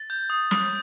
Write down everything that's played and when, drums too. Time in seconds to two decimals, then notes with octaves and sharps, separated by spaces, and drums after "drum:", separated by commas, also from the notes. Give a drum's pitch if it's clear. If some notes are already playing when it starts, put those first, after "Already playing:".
Already playing: A6
0.10 G6
0.30 D#6
0.51 D#6, drum: snare